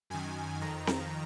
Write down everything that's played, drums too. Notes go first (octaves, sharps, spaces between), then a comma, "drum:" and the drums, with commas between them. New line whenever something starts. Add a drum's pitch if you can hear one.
F#2 D#3 G#5
F2 D#3 A#5
drum: snare C4